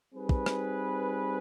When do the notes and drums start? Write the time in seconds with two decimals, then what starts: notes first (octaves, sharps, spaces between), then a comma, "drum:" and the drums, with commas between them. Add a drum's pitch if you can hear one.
0.12 G3 C4 D#4 G#4 B4
0.29 drum: kick
0.46 drum: rim click